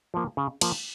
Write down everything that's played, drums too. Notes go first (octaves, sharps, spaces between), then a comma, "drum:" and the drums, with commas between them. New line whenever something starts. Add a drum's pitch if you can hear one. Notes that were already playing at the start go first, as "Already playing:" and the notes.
F3 A#3
C#3
F3 A#3, drum: cymbal